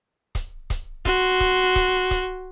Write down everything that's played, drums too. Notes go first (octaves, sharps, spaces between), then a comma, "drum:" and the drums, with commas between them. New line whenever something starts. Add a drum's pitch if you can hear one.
drum: kick C#1, hi-hat
drum: kick C#1, hi-hat
F#4 C6, drum: kick C#1, hi-hat
drum: kick C#1, hi-hat
drum: kick C#1, hi-hat
drum: kick C#1, hi-hat